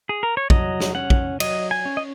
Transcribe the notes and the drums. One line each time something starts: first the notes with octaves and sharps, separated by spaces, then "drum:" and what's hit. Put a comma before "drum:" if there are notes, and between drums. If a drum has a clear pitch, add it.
G#4
A#4
C#5
F#3 D#5, drum: kick
drum: snare
C#4 F#5
drum: kick
F#3 D#5, drum: cymbal
G#5
C#4
D#5